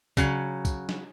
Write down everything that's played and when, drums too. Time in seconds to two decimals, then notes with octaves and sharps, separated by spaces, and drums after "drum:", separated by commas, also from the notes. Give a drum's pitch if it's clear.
0.17 C#3 F#3, drum: kick, tambourine
0.65 drum: kick, tambourine
0.89 drum: snare